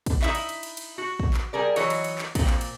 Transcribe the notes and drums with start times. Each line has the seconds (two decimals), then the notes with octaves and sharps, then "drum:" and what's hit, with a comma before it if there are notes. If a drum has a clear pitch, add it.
0.06 drum: kick, cymbal
0.22 D#4 E4 E5, drum: clap
0.35 drum: cymbal
0.49 drum: cymbal
0.63 drum: cymbal
0.77 drum: cymbal
0.98 F#4
1.20 drum: kick
1.34 drum: clap
1.53 G3 G#4 A#4 D5
1.76 E3 F#3 D#4 C#5, drum: cymbal
1.90 drum: cymbal
2.04 drum: cymbal
2.19 drum: clap
2.35 A#2 C4, drum: kick, cymbal
2.47 drum: clap
2.61 drum: cymbal